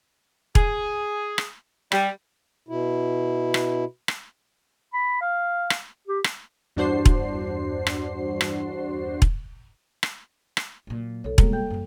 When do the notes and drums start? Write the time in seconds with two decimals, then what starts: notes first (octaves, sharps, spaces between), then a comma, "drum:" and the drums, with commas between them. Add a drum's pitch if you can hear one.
0.55 G#4, drum: kick E1
1.38 drum: rim click
1.92 G3, drum: rim click
2.69 B2 E4
3.54 drum: rim click
4.08 drum: rim click
4.93 B5
5.21 F5
5.70 drum: rim click
6.08 G4
6.24 drum: rim click
6.76 E2 G2 D4 F#4 C5 C7
7.05 drum: kick E1
7.87 drum: rim click
8.41 drum: rim click
9.22 drum: kick E1
10.03 drum: rim click
10.57 drum: rim click
10.87 A#2 F#3
11.24 B1 A4 C#5
11.38 B2 G3 G#3 A#3 A4, drum: kick E1
11.53 A4 G5 G6
11.70 F#2 F3